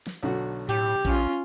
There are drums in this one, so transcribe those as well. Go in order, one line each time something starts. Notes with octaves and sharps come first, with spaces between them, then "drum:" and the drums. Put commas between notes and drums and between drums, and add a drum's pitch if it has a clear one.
drum: snare
B1 D3 F#4
A2 G4
A#1 C#4 F4, drum: kick A#1